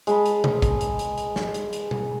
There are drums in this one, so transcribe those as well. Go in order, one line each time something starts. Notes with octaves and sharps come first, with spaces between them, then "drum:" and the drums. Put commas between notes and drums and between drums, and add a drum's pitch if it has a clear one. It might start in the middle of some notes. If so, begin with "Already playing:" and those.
G#3 A5 B5, drum: hi-hat
drum: hi-hat
drum: tom B2
drum: kick, hi-hat
drum: hi-hat
drum: hi-hat
drum: hi-hat
drum: snare
drum: hi-hat
drum: hi-hat
drum: tom B2